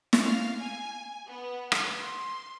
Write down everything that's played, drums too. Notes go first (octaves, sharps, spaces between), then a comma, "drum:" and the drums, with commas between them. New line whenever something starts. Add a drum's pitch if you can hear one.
drum: snare
F5
G#5
B3
drum: rim click
C6